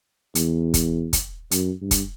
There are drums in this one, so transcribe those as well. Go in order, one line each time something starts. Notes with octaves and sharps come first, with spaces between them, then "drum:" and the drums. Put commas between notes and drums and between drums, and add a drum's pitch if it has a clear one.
E2, drum: hi-hat
drum: kick, hi-hat
drum: kick, hi-hat
F#2, drum: hi-hat
G2
drum: kick, hi-hat